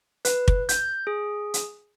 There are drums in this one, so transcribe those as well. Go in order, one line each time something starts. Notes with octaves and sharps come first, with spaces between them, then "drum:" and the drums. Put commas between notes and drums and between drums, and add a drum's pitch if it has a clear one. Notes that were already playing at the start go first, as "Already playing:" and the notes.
B4, drum: hi-hat
drum: kick
G6, drum: hi-hat
G#4
drum: hi-hat